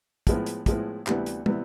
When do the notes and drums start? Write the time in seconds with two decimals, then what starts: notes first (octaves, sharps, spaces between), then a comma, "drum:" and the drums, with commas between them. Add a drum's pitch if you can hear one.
0.27 A2 F3 G#3 B3 E4, drum: kick, hi-hat
0.46 drum: hi-hat
0.66 A2 F3 G#3 B3 E4, drum: kick, hi-hat
1.07 D2 C3 E3 G3 B3, drum: clap
1.26 drum: hi-hat
1.46 C3 E3 G3 B3, drum: tom